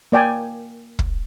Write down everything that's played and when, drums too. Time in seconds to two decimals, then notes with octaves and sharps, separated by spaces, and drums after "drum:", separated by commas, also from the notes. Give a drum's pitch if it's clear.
0.12 A#3 D5 G5 G#5
0.99 drum: kick